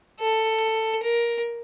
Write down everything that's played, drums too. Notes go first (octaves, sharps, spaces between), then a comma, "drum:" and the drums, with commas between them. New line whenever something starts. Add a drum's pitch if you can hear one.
A4
drum: open hi-hat
A#4